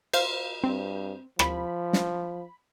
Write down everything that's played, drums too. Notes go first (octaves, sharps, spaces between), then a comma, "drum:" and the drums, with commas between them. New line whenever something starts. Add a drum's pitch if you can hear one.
C5 F5, drum: cymbal
G2 C4
F3 B5, drum: rim click
drum: snare